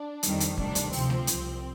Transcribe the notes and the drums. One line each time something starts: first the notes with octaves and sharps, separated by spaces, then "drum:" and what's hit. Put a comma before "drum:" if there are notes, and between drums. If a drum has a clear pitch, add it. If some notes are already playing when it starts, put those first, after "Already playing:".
Already playing: D4
F2 D#3 G3, drum: hi-hat
drum: hi-hat
D2 C3 D#3 G3 D4, drum: kick
drum: hi-hat
D2 C3 F3 C4, drum: open hi-hat
drum: snare A3
C2 C3 F3, drum: hi-hat